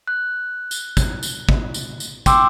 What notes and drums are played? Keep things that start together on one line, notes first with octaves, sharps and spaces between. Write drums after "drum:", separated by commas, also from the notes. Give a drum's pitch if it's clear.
F#6
drum: tambourine
drum: kick, tambourine
drum: tambourine
drum: kick
drum: tambourine
drum: tambourine
G5 C6 D6 E6, drum: kick, tambourine